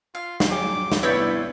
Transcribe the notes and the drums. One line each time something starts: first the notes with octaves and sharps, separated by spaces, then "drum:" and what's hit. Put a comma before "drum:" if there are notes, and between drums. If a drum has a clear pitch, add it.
F4 F5
drum: snare
F#3 G#4 G5 D6
drum: snare
C2 B3 E4 B4 C#5 D5 B5 G6